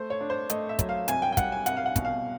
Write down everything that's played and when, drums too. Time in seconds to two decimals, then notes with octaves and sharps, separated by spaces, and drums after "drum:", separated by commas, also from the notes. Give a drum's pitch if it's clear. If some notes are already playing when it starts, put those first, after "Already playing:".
Already playing: A3 C5
0.10 C#5
0.21 D4
0.30 C5
0.50 A3 D#5, drum: hi-hat
0.69 E5
0.79 F#3, drum: kick, hi-hat
0.89 F5
1.08 C2 G#5, drum: hi-hat
1.22 G5
1.32 G5
1.37 G3 F#5, drum: kick, hi-hat
1.52 G#5
1.66 C2 F#5, drum: hi-hat
1.77 F5
1.86 F#5
1.96 B2, drum: kick, hi-hat
2.05 F5